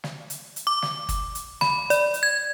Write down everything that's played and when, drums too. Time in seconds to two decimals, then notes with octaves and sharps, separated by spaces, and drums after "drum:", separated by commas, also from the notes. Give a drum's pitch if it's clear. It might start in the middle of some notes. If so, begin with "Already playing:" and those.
0.04 drum: snare
0.30 drum: hi-hat
0.56 drum: hi-hat
0.67 D6
0.82 drum: snare
1.09 drum: kick G1, hi-hat
1.35 drum: hi-hat
1.61 B5, drum: snare
1.90 D5, drum: hi-hat
2.14 drum: hi-hat
2.23 G#6